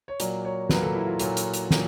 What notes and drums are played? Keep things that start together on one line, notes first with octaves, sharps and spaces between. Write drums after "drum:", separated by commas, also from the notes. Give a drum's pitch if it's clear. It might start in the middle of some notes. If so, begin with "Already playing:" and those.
C#5
A#2 F#3 A#3 D5, drum: hi-hat
C#5
A#2 F#3 A#3 B4, drum: snare
A4
E4
F4
A#2 F#3 A#3, drum: hi-hat
drum: hi-hat
drum: hi-hat
A#2 F#3 A#3, drum: snare